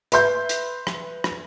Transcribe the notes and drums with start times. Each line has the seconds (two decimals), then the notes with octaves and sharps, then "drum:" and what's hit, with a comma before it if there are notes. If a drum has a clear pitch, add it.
0.12 B4 E5 C6 G6, drum: hi-hat
0.49 drum: hi-hat
0.87 drum: rim click
1.24 drum: rim click